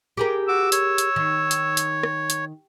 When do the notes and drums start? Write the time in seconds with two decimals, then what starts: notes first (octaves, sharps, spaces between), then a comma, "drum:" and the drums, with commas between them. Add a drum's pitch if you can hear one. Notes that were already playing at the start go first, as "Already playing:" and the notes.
0.17 G4 G#4 A#4
0.48 F#4 D6 E6
0.72 C#5, drum: hi-hat
0.98 drum: hi-hat
1.16 D#3
1.51 drum: hi-hat
1.77 drum: hi-hat
2.03 drum: rim click
2.30 drum: hi-hat